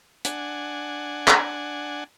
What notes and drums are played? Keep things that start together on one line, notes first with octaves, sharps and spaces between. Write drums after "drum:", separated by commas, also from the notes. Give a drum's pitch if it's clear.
D4 F#5 G#5, drum: hi-hat
drum: clap